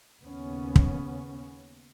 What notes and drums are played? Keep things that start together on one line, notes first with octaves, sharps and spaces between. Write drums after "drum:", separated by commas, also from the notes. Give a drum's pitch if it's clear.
D#2 C#3 B3 C#4
drum: kick